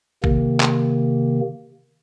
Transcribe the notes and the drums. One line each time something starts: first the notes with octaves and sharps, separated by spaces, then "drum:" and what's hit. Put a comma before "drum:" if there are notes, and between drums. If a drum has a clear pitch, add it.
C3 D#3 A#3, drum: kick
drum: clap